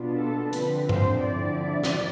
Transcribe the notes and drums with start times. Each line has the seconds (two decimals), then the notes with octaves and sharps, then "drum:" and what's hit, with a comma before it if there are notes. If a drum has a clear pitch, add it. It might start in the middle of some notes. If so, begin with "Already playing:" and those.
Already playing: B2 B3 D4 F4
0.16 A4
0.53 D3 F3 C4 B4, drum: hi-hat
0.89 C5, drum: tom G2
1.25 D3 F3 C4 E4 D5
1.83 drum: snare